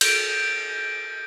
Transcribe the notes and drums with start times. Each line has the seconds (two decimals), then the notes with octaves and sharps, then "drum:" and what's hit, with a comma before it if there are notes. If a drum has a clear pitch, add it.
0.01 G6 D7, drum: cymbal